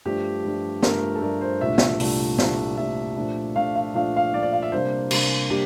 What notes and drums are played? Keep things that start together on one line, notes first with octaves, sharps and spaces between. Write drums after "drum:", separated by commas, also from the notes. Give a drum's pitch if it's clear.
G2 F3 A3 D4 G4
G2 F3 A3 D4
G2 F3 A3 D4 A#4, drum: snare
A4
G2 F3 A3 D4 A#4
C5
C2 A#2 A3 D4 E5
drum: snare
C2 A#2 A3 D4, drum: open hi-hat
C2 A#2 A3 D4, drum: snare
C2 A#2 A3 D4 E5
A#2 F3 A3 D4
A#2 F3 A3 D4 F5
F5
A#2 F3 A3 D4 F5
F5
A#2 F3 A3 D4 D5
D5
F5
E5
C3 G3 A#3 D4 C5
C3 G3 A#3 D4, drum: cymbal
C3 G3 A#3 D4 G4